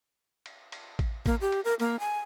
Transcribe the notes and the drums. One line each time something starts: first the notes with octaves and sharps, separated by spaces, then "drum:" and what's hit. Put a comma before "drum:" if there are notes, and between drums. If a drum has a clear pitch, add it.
drum: cymbal
drum: cymbal
drum: kick A1, cymbal
A#3, drum: kick A1, cymbal
G4
drum: cymbal
A#4
A#3, drum: cymbal
G#5